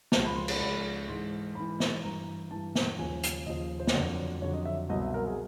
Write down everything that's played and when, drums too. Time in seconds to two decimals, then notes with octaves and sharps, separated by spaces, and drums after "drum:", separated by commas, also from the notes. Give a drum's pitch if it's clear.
0.12 C#2 C#3 F3 A5, drum: snare
0.25 B5
0.36 C6
0.48 B5, drum: cymbal
0.60 C#2 C#3 F3 B5
1.08 G#2 E3 C6
1.55 G#2 E3 B5
1.80 drum: snare
2.04 G2 E3 A#5
2.51 G2 E3 A5
2.75 drum: snare
2.98 D#2 C#3 F3 G#5
3.23 drum: hi-hat
3.46 D#2 C#3 F3 D#5
3.80 C5
3.87 C#5, drum: snare
3.94 F2 D3 F#3 D5
4.42 F2 D3 F#3 C#5
4.54 D#5
4.65 E5
4.89 C2 B2 F#3 D#5
5.02 E5
5.14 A#4
5.27 G#4